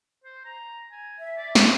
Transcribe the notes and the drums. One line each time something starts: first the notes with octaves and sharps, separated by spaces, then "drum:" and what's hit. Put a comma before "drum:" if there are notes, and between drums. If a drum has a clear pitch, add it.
C5
A#5
G#5
E5
D5
drum: snare